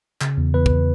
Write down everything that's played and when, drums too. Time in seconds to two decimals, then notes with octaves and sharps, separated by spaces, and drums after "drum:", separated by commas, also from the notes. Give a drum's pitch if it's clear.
0.21 C#3, drum: clap
0.38 E2
0.54 E2 B4
0.66 drum: kick